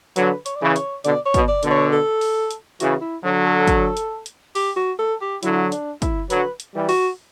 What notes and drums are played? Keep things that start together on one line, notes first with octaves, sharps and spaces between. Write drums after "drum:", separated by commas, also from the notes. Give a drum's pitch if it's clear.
D3 F#3 B4, drum: hi-hat
C#5, drum: hi-hat
D5
C#3 E3 C#5
C#5, drum: hi-hat
B2 D3 D5, drum: hi-hat
C#5
B2, drum: kick, hi-hat
D5
B2 D3, drum: hi-hat
C#5
A4
drum: open hi-hat
drum: hi-hat
C#3 E3 F#4, drum: hi-hat
E4
D3 F#3
A4
drum: kick, hi-hat
drum: hi-hat
drum: hi-hat
G4, drum: open hi-hat
F#4
A4
G4
D3 F#3 E4, drum: hi-hat
D4, drum: hi-hat
E4, drum: kick, hi-hat
D3 F#3 B4, drum: hi-hat
drum: hi-hat
E3 G3
F#4, drum: open hi-hat